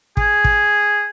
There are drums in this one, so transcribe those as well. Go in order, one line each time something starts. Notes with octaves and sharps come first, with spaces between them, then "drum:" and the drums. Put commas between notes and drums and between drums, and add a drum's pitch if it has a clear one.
G#4, drum: kick
drum: kick